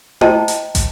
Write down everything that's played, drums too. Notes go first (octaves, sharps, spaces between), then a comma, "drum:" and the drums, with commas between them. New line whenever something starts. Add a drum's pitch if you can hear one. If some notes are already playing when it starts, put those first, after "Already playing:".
C5 D#5 G5 A5 A#5, drum: tom E4
drum: hi-hat
drum: kick, hi-hat